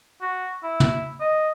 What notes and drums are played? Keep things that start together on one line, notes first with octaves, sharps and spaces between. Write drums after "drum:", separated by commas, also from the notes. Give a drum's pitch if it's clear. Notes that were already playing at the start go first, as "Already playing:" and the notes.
F#4
E4
drum: tom
D#5